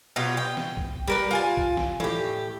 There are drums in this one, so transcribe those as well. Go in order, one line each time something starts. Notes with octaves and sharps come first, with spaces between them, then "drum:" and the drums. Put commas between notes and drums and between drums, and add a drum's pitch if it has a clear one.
B2 F#3 F4 G4
G5
drum: snare
drum: kick
G3 A#4 B4
F4 G#5 A5
drum: kick
drum: snare
A2 G4, drum: tom